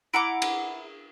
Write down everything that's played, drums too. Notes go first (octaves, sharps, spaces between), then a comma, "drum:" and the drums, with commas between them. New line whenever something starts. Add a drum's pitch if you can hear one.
E4 F#5 A#5 D6
drum: cymbal